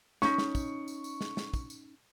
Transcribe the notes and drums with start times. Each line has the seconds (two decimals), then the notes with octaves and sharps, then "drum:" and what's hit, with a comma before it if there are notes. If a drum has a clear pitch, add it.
0.22 C#4 D#4 C#6, drum: snare
0.38 drum: snare
0.55 drum: kick, tambourine
0.88 drum: tambourine
1.04 drum: tambourine
1.21 drum: snare
1.37 drum: snare
1.54 drum: kick, tambourine
1.70 drum: tambourine